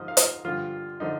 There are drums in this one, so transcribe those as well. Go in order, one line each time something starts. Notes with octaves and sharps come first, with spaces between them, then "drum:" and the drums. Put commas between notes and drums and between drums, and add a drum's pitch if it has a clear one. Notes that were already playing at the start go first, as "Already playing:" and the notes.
Already playing: G#2 F3 D#5
F5
D#5, drum: hi-hat
G2 D3 F3 F4
D3 F3 D#4